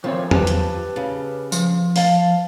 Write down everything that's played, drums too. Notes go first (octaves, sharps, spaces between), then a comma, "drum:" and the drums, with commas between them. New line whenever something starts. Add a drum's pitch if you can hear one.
D#3 F3 C4 C#5
G4 B4 A5, drum: tom
drum: hi-hat
C#3
F3, drum: tambourine
F5 A5, drum: open hi-hat